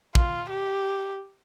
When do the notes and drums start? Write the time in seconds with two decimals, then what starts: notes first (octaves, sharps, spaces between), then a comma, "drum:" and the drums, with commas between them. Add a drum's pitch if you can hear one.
0.15 F4, drum: kick
0.50 G4